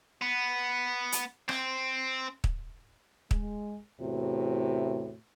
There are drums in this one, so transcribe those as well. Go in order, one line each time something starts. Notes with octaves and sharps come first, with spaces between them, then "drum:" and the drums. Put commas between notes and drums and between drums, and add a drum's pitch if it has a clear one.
B3
drum: hi-hat
C4, drum: rim click
drum: kick
G#3, drum: kick
E2 A2 C3 F#4